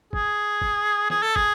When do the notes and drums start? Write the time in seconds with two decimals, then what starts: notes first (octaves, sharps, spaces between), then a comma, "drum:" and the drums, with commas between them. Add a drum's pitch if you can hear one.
0.13 G#4, drum: kick
0.62 drum: kick
1.10 G#4, drum: snare
1.23 A4
1.36 G#4, drum: kick